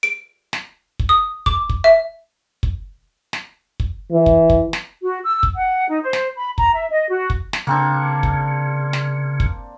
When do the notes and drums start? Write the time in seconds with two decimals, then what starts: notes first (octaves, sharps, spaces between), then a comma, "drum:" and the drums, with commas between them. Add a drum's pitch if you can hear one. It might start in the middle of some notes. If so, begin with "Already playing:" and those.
0.03 D7
0.53 drum: snare
0.99 drum: kick
1.09 D#6
1.46 D6, drum: kick
1.70 drum: kick
1.84 E5
2.63 drum: kick
3.33 drum: snare
3.80 drum: kick
4.13 E3
4.26 drum: kick
4.50 drum: kick
4.73 drum: snare
5.02 F#4
5.24 E6
5.43 drum: kick
5.55 F#5
5.89 D#4
6.01 C5
6.13 drum: snare
6.36 B5
6.58 A#5, drum: kick
6.74 E5
6.90 D#5
7.10 F#4
7.30 drum: kick
7.53 drum: snare
7.67 C#3 A#3 C4 D4
8.23 drum: kick
8.93 drum: snare
9.40 drum: kick